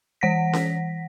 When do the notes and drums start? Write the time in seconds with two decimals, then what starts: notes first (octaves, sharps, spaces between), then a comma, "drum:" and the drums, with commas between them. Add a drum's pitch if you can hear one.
0.21 E3 F#5 A#6 B6
0.53 drum: snare C#4